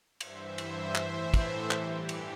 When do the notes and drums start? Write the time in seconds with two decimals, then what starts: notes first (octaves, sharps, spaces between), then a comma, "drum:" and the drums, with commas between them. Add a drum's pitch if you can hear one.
0.21 G2 E3 C5 E5, drum: cymbal
0.58 drum: cymbal
0.95 A2 E3 C5 E5, drum: clap
1.34 A4 C5, drum: kick, cymbal
1.71 G2 E3 G4, drum: clap
2.09 drum: cymbal